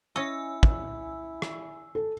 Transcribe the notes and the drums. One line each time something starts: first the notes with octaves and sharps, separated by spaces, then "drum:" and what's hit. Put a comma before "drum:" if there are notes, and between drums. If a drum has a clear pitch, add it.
C#4 E4 D#5 G#5 E6
drum: kick
drum: rim click
A4